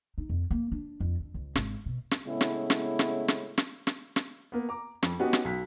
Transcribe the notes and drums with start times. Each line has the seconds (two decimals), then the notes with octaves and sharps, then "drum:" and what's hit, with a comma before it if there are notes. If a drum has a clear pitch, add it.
0.18 D#4
0.30 F2
0.51 A#3
0.72 D4
1.00 F2
1.20 D3
1.34 C#2
1.55 G#1, drum: snare
1.86 B2
2.11 drum: snare
2.27 A2 C#3 G#3 B3 E4
2.41 drum: snare
2.70 drum: snare
2.99 drum: snare
3.28 drum: snare
3.58 drum: snare
3.87 drum: snare
4.16 drum: snare
4.52 A#3 B3
4.69 A#5 D6
5.03 F2, drum: snare
5.20 B3 C#4 D#4 F#4 G4
5.33 drum: snare
5.45 B1 B6